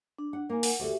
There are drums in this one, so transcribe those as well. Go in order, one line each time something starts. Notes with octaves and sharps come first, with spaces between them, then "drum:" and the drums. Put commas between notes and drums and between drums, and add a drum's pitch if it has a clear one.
D4
F#5
A#3 D#4 A#4 G#5
F#5, drum: open hi-hat
D2 F#4 G4 A4 E5